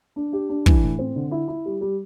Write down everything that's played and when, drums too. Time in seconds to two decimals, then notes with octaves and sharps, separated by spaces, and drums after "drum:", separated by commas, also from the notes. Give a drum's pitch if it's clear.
0.16 D4
0.33 G4
0.49 D4
0.66 E3, drum: kick
0.83 A2
0.99 C4
1.16 D3
1.31 E4
1.48 E4
1.66 G3
1.81 G3